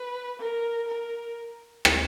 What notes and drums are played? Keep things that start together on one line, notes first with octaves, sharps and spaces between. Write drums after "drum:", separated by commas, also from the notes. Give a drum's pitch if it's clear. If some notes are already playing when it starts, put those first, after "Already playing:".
Already playing: B4
A#4
A#4
drum: rim click